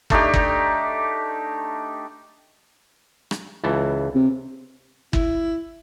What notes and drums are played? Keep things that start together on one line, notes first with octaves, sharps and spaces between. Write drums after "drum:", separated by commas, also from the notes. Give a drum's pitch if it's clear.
A3 D4 D#4 G4, drum: kick G1
drum: kick G1
drum: rim click
C#2 E3 A5
C3
E4, drum: kick G1